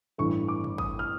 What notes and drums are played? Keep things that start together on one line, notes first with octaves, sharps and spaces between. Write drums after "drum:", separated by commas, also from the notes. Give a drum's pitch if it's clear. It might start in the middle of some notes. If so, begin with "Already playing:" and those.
A1 G2 E3 A3 C#6
D6
drum: tom G2
D#6, drum: kick G#1
F6